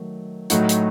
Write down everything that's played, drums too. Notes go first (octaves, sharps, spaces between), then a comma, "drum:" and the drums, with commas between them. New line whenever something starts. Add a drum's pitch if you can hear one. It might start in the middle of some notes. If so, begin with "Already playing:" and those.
Already playing: D#3 F#3 A3
A2 F#3 A3 D#4 F#4, drum: hi-hat
drum: hi-hat